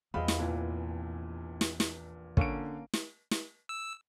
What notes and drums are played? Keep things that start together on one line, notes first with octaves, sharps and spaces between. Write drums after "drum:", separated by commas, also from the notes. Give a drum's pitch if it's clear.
E2 G3 B3 C4 F4 G#4 D#5 B5
drum: snare
F1 A#1 A#2 E3
drum: snare
drum: snare
D3 A#3 C#4 D7, drum: kick
drum: snare
drum: snare
E6